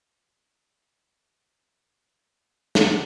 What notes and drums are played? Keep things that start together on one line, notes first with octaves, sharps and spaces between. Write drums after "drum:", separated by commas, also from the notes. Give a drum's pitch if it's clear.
G5
D5
A#4
C5
A#4
drum: snare